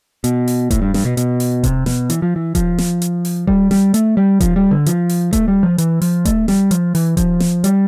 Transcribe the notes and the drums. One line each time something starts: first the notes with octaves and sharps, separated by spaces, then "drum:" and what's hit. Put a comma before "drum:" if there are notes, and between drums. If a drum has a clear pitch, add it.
B2, drum: hi-hat
drum: open hi-hat
A2, drum: kick D#1, hi-hat
G2
G2, drum: snare
B2
B2, drum: hi-hat
drum: open hi-hat
C3, drum: kick D#1, hi-hat
B2, drum: snare
E3, drum: hi-hat
F3
E3
F3, drum: kick D#1, hi-hat
drum: snare
drum: hi-hat
drum: open hi-hat
G3, drum: kick D#1
G3, drum: snare
A3, drum: hi-hat
G3
F3, drum: kick D#1, hi-hat
G3
D3
F3, drum: hi-hat
drum: open hi-hat
A3, drum: kick D#1, hi-hat
G3
F3
E3, drum: hi-hat
F3, drum: open hi-hat
A3, drum: kick D#1, hi-hat
G3, drum: snare
F3, drum: hi-hat
E3, drum: open hi-hat
F3, drum: kick D#1, hi-hat
drum: snare
G3, drum: hi-hat